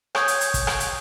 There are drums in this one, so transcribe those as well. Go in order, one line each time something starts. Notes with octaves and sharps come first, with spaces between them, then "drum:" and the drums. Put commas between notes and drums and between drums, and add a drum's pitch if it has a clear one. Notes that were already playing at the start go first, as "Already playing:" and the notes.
C#5 C#6 D#6 G6 G#6, drum: rim click
drum: hi-hat
drum: hi-hat
drum: kick, hi-hat
drum: rim click
drum: hi-hat